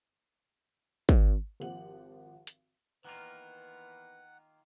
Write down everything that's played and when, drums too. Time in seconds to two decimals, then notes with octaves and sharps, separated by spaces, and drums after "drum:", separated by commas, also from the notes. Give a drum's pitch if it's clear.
1.09 drum: kick
1.60 G#1 F3 G4 F#5 F#7
2.47 drum: hi-hat
3.05 D#3 E3 A#3 B3 F4 B4 F#5